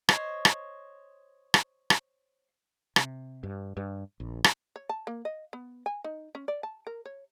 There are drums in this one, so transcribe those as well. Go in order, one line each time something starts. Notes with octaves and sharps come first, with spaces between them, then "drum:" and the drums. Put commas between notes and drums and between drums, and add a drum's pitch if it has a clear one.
C5 C#5 D#5, drum: rim click
drum: rim click
drum: rim click
drum: rim click
C3, drum: rim click
G2
G2
A#1
drum: rim click
C#5
A5
A#3
D#5
B3
G#5
D#4
C#4
D5
A5
A#4
C#5